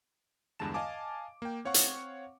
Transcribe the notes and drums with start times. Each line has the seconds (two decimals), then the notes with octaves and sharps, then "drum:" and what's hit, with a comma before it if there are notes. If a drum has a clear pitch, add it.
0.59 E2 G2 D3 G#3 A5 E7
0.74 D#5 F5 G#5 A5 D6
1.42 A#3 G5
1.65 C4 C#5 F5 F#5 C#6
1.74 drum: hi-hat